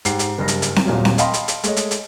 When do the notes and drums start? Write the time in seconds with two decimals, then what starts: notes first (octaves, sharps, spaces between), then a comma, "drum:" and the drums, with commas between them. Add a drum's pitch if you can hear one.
0.05 G#2 G4 C7, drum: hi-hat
0.19 drum: hi-hat
0.38 F#1 G2 A#6
0.48 drum: hi-hat
0.62 drum: hi-hat
0.76 drum: snare C4
0.85 D#1 A#2 F#3
1.05 drum: snare C4
1.18 D#5 F5 G5 A5 B5 C6, drum: hi-hat
1.34 drum: hi-hat
1.48 drum: hi-hat
1.63 G#3 A3 C#5 D#5, drum: hi-hat
1.76 drum: hi-hat
1.91 drum: hi-hat